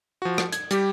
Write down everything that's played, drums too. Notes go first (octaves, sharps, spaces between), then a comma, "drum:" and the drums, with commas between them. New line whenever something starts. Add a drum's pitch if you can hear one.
F3 F#4
drum: rim click
G#6, drum: hi-hat
G3 G4, drum: hi-hat